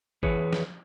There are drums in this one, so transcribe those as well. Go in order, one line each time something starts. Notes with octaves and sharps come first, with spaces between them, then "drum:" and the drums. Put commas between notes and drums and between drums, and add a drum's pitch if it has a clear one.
E3 G#4 B4 C#5, drum: kick
drum: snare